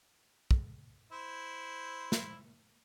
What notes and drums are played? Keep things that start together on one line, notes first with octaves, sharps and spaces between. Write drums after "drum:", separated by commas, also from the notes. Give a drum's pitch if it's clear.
drum: kick
E4 C5
drum: snare